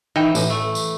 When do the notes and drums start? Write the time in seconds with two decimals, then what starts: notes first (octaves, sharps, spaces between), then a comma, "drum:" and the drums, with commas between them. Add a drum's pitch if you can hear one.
0.16 E3 D#4 G5
0.35 A1, drum: tambourine
0.50 A3
0.75 drum: tambourine